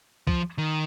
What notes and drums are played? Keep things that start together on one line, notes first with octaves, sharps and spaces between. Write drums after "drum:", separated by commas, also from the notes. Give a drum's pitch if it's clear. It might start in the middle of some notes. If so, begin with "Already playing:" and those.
F3, drum: kick
D#3